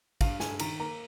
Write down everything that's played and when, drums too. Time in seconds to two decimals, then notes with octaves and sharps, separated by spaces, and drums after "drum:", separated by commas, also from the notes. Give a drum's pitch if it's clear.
0.21 G2 F5, drum: kick, cymbal
0.40 G2 G#5, drum: snare
0.59 D#3 A#5, drum: cymbal
0.80 A#3 A#5